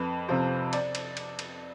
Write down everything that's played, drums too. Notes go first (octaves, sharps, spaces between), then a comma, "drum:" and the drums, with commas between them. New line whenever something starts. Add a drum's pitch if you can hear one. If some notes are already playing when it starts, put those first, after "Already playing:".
Already playing: F2 B4
C3 F3 C5
D5, drum: cymbal
drum: cymbal
drum: cymbal
drum: cymbal